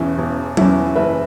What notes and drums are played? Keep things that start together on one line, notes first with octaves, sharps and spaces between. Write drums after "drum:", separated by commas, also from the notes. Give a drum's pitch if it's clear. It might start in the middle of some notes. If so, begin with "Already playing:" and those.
Already playing: E1 E2 E3 C#4 E4
E1
E2 E3 C#4 E4, drum: tom F#3
F#1 B4 E5